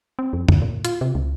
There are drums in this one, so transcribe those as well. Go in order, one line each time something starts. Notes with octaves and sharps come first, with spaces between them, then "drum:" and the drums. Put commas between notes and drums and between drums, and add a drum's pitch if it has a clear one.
C4
F2
D2, drum: tom F2
A#2
F4, drum: hi-hat
C3
C#2